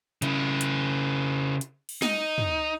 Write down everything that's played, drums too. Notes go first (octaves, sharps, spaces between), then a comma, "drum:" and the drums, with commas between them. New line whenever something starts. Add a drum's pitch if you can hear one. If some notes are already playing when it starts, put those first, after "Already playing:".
C#3 E4, drum: hi-hat
drum: hi-hat
drum: hi-hat
drum: cymbal
D#4, drum: snare
drum: tom